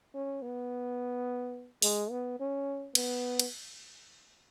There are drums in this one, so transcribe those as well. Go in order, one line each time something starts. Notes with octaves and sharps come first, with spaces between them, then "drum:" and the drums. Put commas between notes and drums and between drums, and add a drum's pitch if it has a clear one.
C#4
B3
G#3, drum: open hi-hat
B3
C#4
B3, drum: cymbal
drum: cymbal